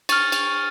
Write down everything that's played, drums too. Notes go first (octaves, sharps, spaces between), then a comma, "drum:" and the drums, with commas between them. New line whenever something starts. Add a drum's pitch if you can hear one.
C#6 F6 A6, drum: cymbal
drum: cymbal